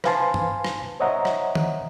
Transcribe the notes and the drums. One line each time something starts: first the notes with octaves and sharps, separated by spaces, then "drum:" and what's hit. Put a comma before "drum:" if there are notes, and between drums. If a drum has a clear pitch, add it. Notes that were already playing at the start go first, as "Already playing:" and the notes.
B4 C5 F5 G#5 A5 C6, drum: rim click
drum: tom G2
drum: rim click
C5 C#5 D#5 E5 F#5 A#5
drum: rim click
drum: tom